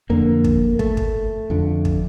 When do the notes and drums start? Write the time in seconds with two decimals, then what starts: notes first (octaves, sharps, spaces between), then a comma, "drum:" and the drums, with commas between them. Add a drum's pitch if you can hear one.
0.10 F2 D3 A#3
0.44 drum: kick
0.79 A3, drum: kick
0.97 drum: kick
1.50 F2 D3
1.85 drum: kick